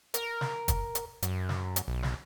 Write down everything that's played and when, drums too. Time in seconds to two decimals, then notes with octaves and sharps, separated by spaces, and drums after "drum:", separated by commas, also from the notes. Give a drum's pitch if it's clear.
0.14 A#4, drum: hi-hat
0.41 drum: snare
0.68 drum: kick, hi-hat
0.95 drum: hi-hat
1.22 F#2, drum: hi-hat
1.49 drum: snare
1.76 drum: hi-hat
1.88 B1
2.03 drum: snare